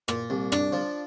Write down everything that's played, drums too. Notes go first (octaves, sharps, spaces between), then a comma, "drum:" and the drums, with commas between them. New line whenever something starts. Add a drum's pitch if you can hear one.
A#2, drum: rim click
C2
D4, drum: rim click
F3